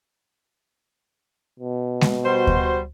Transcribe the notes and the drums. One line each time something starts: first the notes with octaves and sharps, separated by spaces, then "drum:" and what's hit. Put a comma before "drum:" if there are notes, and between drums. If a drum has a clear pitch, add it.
B2
drum: snare G#3
G3 F#4 C5
drum: kick D2